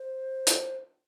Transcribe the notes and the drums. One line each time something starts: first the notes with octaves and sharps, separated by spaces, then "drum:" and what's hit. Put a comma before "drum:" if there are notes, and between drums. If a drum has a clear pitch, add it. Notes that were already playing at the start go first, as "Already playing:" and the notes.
Already playing: C5
drum: hi-hat